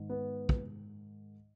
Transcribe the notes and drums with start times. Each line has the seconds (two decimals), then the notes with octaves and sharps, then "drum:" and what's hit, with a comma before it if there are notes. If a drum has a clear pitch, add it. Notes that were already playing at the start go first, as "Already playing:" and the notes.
Already playing: G#2 D#3 G#3
0.09 B3
0.49 drum: kick